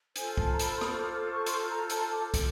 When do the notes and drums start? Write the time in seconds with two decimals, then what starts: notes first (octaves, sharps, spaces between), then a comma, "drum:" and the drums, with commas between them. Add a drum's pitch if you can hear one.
0.16 F4 A4 C5 G#5, drum: hi-hat
0.38 A5, drum: kick
0.51 A#5
0.59 B5, drum: hi-hat
0.75 C6
0.81 B5, drum: rim click
0.92 C#6
0.97 D6
1.14 D6
1.30 C#6
1.46 C6, drum: hi-hat
1.68 A#5
1.90 A5, drum: hi-hat
2.11 D6
2.34 drum: kick, hi-hat